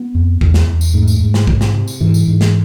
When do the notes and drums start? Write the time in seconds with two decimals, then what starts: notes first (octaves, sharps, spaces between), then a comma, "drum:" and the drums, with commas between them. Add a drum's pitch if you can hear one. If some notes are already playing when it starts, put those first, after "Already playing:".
Already playing: B3
0.15 F2
0.41 E2, drum: kick
0.54 drum: snare
0.68 E2
0.81 drum: tambourine
0.94 G#2 A3
1.08 drum: tambourine
1.20 G#2
1.34 drum: snare
1.47 C3, drum: kick
1.61 drum: snare
1.74 C3
1.87 drum: tambourine
2.01 G#2 E3
2.14 drum: tambourine
2.28 G#2
2.41 drum: snare